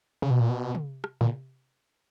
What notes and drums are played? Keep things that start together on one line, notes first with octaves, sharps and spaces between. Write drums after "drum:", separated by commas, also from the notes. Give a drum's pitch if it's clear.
C#3
B2
A#2
B2
drum: tom
drum: rim click
A#2, drum: tom